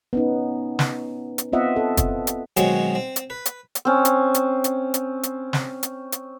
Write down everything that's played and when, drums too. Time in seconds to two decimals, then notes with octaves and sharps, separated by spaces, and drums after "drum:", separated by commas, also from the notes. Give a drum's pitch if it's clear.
0.13 B3 C#4 D#4
0.79 drum: snare
1.38 drum: hi-hat
1.53 B3 C4 F4 D#5 E5 F#5
1.76 A4
1.97 drum: kick, hi-hat
2.27 drum: hi-hat
2.57 B2 D#3 F#3 G#3 C4 C#5, drum: hi-hat
2.95 C4
3.16 drum: hi-hat
3.30 B4
3.46 drum: hi-hat
3.75 drum: hi-hat
3.85 C4 C#4
4.05 drum: hi-hat
4.34 drum: hi-hat
4.64 drum: hi-hat
4.94 drum: hi-hat
5.23 drum: hi-hat
5.53 drum: snare
5.83 drum: hi-hat
6.12 drum: hi-hat